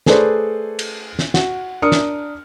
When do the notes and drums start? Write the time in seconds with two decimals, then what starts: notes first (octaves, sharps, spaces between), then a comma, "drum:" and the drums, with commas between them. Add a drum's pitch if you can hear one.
0.06 A3 G#4 A4 B4 C5 D5, drum: snare
0.79 drum: cymbal
1.19 drum: snare
1.34 F#4, drum: snare
1.82 D4 A#4 D#6 F6 C#7
1.92 drum: snare